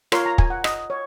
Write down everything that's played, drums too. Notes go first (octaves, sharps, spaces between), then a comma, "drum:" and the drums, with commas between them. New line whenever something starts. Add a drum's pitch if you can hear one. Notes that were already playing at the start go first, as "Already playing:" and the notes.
F4 A#4 C#5 C6, drum: rim click
A#5
G#5, drum: kick
F#5
D#5, drum: rim click
C#5